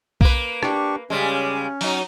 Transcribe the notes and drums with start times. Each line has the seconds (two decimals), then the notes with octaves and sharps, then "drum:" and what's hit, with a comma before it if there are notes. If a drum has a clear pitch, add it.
0.21 A#3 B4, drum: kick B1
0.63 D4 G4 C#6, drum: rim click
1.10 C#3 G3 G#3 C#4
1.81 F#3 D#4, drum: open hi-hat